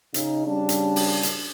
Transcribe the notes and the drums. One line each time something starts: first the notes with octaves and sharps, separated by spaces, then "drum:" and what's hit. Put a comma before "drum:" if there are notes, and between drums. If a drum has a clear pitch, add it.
C#3 D#4, drum: hi-hat
C#3 G3 D4
drum: hi-hat
drum: open hi-hat
drum: hi-hat